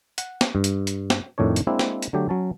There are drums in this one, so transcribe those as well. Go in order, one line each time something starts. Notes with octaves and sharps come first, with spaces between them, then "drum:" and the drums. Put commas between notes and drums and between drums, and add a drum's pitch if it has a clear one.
F#5, drum: hi-hat
drum: snare
G2
drum: hi-hat
drum: hi-hat
drum: snare
F2 A2 D#3 D4 C#5
drum: hi-hat
G#3 A#3 C4 D4 E4
drum: snare
drum: hi-hat
D3 F#3 A3 G4
F#3 C#4 A5